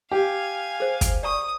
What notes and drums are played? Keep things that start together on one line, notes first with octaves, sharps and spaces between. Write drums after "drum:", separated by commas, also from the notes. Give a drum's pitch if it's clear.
G4 F5 G#5
G#4 C5
drum: kick, hi-hat
D5 A#5 C#6 D#6